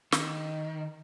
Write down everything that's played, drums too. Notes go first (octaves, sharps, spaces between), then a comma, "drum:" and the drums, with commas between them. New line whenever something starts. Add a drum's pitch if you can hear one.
D#3, drum: snare